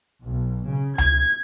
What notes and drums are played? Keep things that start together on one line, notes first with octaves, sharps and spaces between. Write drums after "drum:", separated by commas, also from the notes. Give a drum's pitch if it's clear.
B1
C#3
G#6, drum: tom C#2